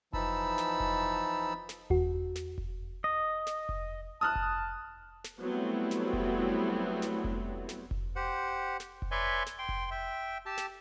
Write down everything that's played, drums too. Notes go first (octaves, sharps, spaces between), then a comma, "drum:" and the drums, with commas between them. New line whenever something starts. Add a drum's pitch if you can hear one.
E3 F3 D#4 A5 B5 E6, drum: kick F1
drum: snare
drum: kick F1
drum: snare
E2 F#4, drum: kick F1
drum: snare
drum: kick F1
D#5
drum: snare
drum: kick F1
A5 D#6 F6 F#6
drum: kick F1
drum: snare
F#3 G3 A3 B3 C4 E4
drum: snare
drum: kick F1
drum: snare
drum: kick F1
drum: snare
drum: kick F1
G4 C5 F#5
drum: snare
drum: kick F1
B4 C#5 D5 E5 G#5 C6
drum: snare
G5 C6
drum: kick F1
E5 G5
G4 A5 E6
drum: snare